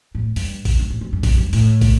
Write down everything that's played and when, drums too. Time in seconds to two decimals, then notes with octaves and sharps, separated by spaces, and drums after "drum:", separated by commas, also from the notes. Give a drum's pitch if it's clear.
0.15 A2
0.36 G2, drum: open hi-hat
0.65 drum: kick, open hi-hat
0.79 G2
0.90 A2
1.01 G2
1.13 G2
1.23 F#2, drum: kick, open hi-hat
1.38 G2
1.53 A2, drum: open hi-hat
1.81 drum: kick, open hi-hat